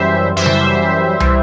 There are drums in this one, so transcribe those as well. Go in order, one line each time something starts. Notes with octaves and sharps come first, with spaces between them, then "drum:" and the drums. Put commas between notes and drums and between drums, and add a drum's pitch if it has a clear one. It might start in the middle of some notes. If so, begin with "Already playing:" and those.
Already playing: F#2 E3 G3 C5 E5
F#2 E3 G3 C5 E5
drum: tom C#3
E3 G3, drum: tom